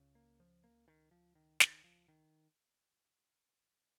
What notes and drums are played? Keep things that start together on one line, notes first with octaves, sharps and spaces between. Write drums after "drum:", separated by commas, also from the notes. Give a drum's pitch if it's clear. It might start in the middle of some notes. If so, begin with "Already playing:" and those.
Already playing: C#2 C#3
A#3
F3
A#3
D#3
F3
D#3
D#3, drum: snare
F3
D#3